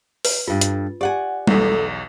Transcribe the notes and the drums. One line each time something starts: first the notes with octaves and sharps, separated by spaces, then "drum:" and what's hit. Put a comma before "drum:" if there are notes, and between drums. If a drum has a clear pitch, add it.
B4, drum: open hi-hat
G2 F4 A4
drum: hi-hat
G4 D5 F#5 G#5
B1 E2 A4, drum: tom G3